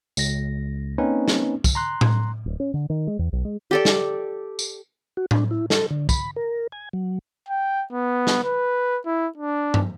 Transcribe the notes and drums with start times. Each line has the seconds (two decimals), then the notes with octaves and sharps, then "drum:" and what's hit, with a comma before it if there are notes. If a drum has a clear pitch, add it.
0.17 C#2 A#6, drum: tambourine
0.98 A#3 C4 C#4 D#4 B4
1.28 drum: snare
1.64 drum: kick, tambourine
1.75 A#5 C6 F#6
2.01 drum: tom A2
2.46 D1
2.60 C#4
2.74 D3
2.90 D#3
3.07 G#3
3.19 E2
3.33 B1
3.45 G#3
3.71 G4 A4 D5
3.85 drum: snare
4.59 drum: tambourine
5.17 F#4
5.31 D4, drum: tom A2
5.51 E4
5.70 A4, drum: snare
5.91 D3
6.09 B5, drum: kick, tambourine
6.36 A#4
6.72 G#5
6.93 F#3
7.49 G5
7.92 B3
8.27 drum: snare
8.44 B4
9.06 E4
9.38 D4
9.74 drum: tom G2